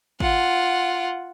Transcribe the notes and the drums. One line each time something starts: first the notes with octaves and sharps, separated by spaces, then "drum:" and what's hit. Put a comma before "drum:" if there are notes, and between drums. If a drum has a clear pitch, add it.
F4 F#5, drum: kick G#1